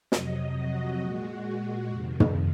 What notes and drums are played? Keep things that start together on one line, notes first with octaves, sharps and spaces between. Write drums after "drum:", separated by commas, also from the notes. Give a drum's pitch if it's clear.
F2 C3 F#3 D#5, drum: snare
F#4
A#2 G#3 F#4
F2 C3 D#3
drum: tom